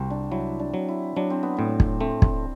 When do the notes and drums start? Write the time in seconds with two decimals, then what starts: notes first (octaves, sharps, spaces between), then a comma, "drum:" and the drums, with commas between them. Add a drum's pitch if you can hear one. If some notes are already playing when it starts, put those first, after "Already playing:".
Already playing: C2 C4 F#4
0.10 D4
0.32 F#3 E4
0.59 D4
0.74 F#3
0.88 E4
1.16 F#3 D4
1.30 C4
1.43 B3
1.57 A2 C4
1.80 drum: kick
2.00 A3 C4
2.22 drum: kick